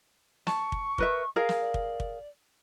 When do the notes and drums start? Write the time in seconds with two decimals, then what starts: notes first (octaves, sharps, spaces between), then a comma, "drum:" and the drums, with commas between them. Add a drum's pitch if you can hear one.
0.47 A5 C#6, drum: snare
0.72 drum: kick
0.98 A#4 B4 E5, drum: kick
1.36 G#4 A#4 F5
1.49 drum: snare
1.61 D5
1.74 drum: kick
2.00 drum: kick